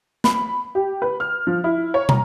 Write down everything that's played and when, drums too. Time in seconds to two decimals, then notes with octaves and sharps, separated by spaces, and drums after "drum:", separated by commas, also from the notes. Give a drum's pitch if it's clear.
0.24 B5, drum: snare
0.75 G4
1.02 B4
1.20 F6
1.47 F3
1.64 E4
1.94 C#5
2.09 A#5, drum: tom